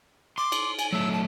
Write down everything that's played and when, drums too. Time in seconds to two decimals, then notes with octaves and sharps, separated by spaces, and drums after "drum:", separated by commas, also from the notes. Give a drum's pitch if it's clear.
0.38 C6 D6
0.52 drum: cymbal
0.79 G#5, drum: cymbal
0.92 F#3 A3 E6
1.12 A5